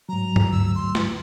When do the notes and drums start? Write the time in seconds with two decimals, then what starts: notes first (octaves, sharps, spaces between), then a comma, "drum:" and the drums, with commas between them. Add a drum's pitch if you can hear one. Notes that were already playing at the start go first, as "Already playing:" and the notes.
0.09 G#2 F#3 A#5
0.36 drum: tom G2
0.52 D2 E6
0.75 C6
0.95 drum: snare